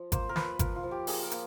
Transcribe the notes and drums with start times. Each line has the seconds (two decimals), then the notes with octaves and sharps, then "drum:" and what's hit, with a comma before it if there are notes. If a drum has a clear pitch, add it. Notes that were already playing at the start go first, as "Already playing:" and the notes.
Already playing: F3
0.12 A#3 C5, drum: kick G#1, hi-hat
0.29 A#4
0.36 F3 B4, drum: snare
0.59 F3 A#4, drum: kick G#1, hi-hat
0.76 F4
0.83 F3
0.91 G4
1.07 A#3 G#4, drum: open hi-hat
1.23 A#4
1.31 A#3, drum: hi-hat